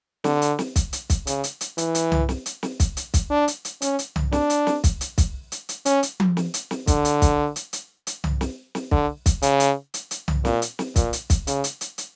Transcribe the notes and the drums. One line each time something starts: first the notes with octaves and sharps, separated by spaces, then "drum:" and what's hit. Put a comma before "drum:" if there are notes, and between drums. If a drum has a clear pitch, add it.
D3, drum: snare
drum: hi-hat
drum: snare
drum: kick, hi-hat
drum: hi-hat
drum: kick, hi-hat
C#3, drum: hi-hat
drum: hi-hat
drum: hi-hat
E3, drum: hi-hat
drum: hi-hat
drum: tom C2
drum: snare
drum: hi-hat
drum: snare
drum: kick, hi-hat
drum: hi-hat
drum: kick, hi-hat
D4
drum: hi-hat
drum: hi-hat
C#4, drum: hi-hat
drum: hi-hat
drum: tom C2
D4, drum: snare
drum: hi-hat
drum: snare
drum: kick, hi-hat
drum: hi-hat
drum: kick, hi-hat
drum: hi-hat
drum: hi-hat
C#4, drum: hi-hat
drum: hi-hat
drum: tom F3
drum: snare
drum: hi-hat
drum: snare
D3, drum: kick, hi-hat
drum: hi-hat
drum: kick, hi-hat
drum: hi-hat
drum: hi-hat
drum: hi-hat
drum: tom C2
drum: snare
drum: snare
D3, drum: kick
drum: kick, hi-hat
C#3, drum: hi-hat
drum: hi-hat
drum: hi-hat
drum: hi-hat
drum: tom C2
A#2, drum: snare
drum: hi-hat
drum: snare
A#2, drum: kick, hi-hat
drum: hi-hat
drum: kick, hi-hat
C#3, drum: hi-hat
drum: hi-hat
drum: hi-hat
drum: hi-hat